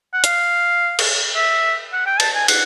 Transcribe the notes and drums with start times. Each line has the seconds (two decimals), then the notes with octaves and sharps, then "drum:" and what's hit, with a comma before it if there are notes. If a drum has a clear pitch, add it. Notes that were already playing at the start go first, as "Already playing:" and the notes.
0.13 F#5
0.24 F5, drum: hi-hat
0.99 drum: cymbal
1.36 E5
1.93 F#5
2.07 G5
2.20 A5, drum: cymbal
2.35 G#5
2.48 F#5, drum: cymbal